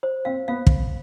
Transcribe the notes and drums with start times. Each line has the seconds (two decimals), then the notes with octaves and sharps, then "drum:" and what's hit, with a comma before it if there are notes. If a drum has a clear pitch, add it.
0.03 C5
0.25 C4 F5
0.48 B3 F5
0.67 drum: kick